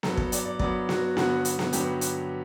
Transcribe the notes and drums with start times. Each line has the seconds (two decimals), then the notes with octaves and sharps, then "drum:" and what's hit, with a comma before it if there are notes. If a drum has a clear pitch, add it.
0.03 G2 F#3 B3 A4, drum: snare B3
0.17 A4, drum: kick
0.32 D5, drum: hi-hat
0.45 D5
0.59 G2 F#3 B3 D5, drum: kick
0.89 F#4, drum: snare B3
1.17 G2 D3 F#3 B3 F#4, drum: snare B3
1.45 drum: hi-hat
1.59 drum: snare B3
1.73 G2 D3 F#3 B3 G4, drum: hi-hat
2.01 drum: hi-hat